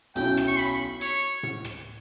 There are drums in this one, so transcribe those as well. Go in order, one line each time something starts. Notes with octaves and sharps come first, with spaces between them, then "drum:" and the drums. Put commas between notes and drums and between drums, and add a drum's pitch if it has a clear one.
B1 B2 F#3 C#4 E4 G5, drum: hi-hat
drum: rim click
C#6
B5, drum: hi-hat
C#5, drum: hi-hat
drum: tom A2
drum: rim click